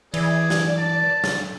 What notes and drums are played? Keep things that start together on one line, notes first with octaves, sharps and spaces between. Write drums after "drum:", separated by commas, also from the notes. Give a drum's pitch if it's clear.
E3 G#4 D5, drum: cymbal
drum: snare
A5
drum: snare